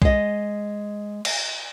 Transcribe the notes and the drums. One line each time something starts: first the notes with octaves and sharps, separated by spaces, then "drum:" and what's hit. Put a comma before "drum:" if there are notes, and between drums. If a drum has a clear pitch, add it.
G#3 D#5, drum: kick B1
drum: cymbal